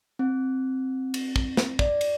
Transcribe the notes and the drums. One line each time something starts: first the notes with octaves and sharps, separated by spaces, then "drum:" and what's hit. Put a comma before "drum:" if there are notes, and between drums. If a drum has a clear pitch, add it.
C4
drum: cymbal
drum: kick
drum: snare
D5, drum: kick
drum: cymbal